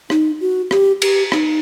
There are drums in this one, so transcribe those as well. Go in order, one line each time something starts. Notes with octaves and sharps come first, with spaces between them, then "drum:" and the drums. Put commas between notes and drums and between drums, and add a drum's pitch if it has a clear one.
D#4, drum: rim click
F#4
G4, drum: rim click
G4, drum: cymbal
D#4, drum: rim click